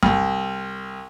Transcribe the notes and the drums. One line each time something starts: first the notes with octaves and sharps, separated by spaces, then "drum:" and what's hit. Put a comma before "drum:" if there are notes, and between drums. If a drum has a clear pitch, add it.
C2, drum: kick F#2